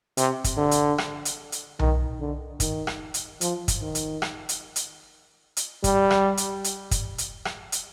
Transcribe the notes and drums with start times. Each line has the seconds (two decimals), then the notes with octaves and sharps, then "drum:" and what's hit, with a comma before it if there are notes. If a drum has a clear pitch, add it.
0.17 C3, drum: hi-hat
0.44 drum: kick, hi-hat
0.58 D3
0.71 drum: hi-hat
0.98 drum: rim click
1.25 drum: hi-hat
1.52 drum: hi-hat
1.79 D#3, drum: tom B1
2.20 D3
2.60 D#3, drum: kick, hi-hat
2.87 drum: rim click
3.14 drum: hi-hat
3.41 F3, drum: hi-hat
3.68 drum: kick, hi-hat
3.82 D#3
3.95 drum: hi-hat
4.22 drum: rim click
4.49 drum: hi-hat
4.76 drum: hi-hat
5.57 drum: hi-hat
5.84 G3, drum: kick, hi-hat
6.10 drum: rim click
6.37 drum: hi-hat
6.64 drum: hi-hat
6.91 drum: kick, hi-hat
7.18 drum: hi-hat
7.45 drum: rim click
7.72 drum: hi-hat